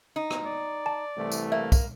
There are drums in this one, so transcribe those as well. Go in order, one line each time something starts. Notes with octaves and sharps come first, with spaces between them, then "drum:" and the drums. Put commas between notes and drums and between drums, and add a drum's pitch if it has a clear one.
D#4
drum: rim click
D5
A5
C2 E3 A3
drum: tambourine
A#3 E5
drum: kick, tambourine